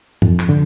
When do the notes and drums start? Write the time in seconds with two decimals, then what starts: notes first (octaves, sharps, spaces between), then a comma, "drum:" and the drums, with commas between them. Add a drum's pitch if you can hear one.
0.22 F2, drum: tom
0.40 drum: clap
0.49 D3